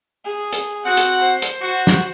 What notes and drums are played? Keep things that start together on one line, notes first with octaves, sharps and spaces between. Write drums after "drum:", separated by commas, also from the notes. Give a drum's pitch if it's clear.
G#4
drum: hi-hat
C4 F#4 F#5
drum: hi-hat
C5
drum: hi-hat
F#4
drum: snare